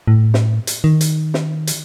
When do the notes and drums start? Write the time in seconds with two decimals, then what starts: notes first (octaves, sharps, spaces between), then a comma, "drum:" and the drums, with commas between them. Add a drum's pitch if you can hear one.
0.08 A2
0.34 drum: snare
0.67 drum: hi-hat
0.84 D#3
1.01 drum: hi-hat
1.34 drum: snare
1.67 drum: hi-hat